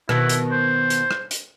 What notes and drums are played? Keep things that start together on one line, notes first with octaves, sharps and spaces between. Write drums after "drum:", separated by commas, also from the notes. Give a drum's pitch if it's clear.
B2 D#3 B3 E4, drum: rim click
drum: hi-hat
C5
drum: hi-hat
drum: rim click
drum: hi-hat